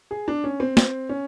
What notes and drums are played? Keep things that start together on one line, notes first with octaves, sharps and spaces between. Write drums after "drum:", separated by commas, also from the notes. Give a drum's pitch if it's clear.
G#4
D4
C#4
C4
C4, drum: snare
C#4